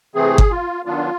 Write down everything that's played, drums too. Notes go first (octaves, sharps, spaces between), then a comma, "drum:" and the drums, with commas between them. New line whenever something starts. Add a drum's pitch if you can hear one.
C3 E3 A3 C4 G#4
drum: kick G1
F4
D#3 F#3 B3 D4 F4